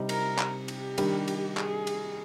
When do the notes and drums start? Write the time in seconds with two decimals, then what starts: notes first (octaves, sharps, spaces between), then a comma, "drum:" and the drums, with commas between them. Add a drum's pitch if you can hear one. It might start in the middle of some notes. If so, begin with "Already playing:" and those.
Already playing: C3 G3 C4 D#4
0.09 A#4, drum: cymbal
0.39 drum: clap
0.68 G4, drum: cymbal
0.98 D#3 G3 D4, drum: cymbal
1.28 drum: cymbal
1.57 G#4, drum: clap
1.87 drum: cymbal